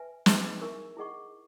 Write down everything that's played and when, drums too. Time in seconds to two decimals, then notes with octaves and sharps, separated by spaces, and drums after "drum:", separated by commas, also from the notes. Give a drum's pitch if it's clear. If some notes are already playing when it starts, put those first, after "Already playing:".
Already playing: B4 E5 G#5
0.26 D#4 G#4 D#5, drum: snare
0.61 E4 A#4 E5 G#5 C#6
0.97 E4 G#4 D#5 F#5 C#6